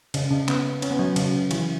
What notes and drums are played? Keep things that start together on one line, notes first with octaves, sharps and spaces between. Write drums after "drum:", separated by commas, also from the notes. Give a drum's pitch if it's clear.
C#3, drum: cymbal
C#3
B3, drum: clap
C#4, drum: cymbal
B3
F#3
C#3, drum: cymbal
E3, drum: cymbal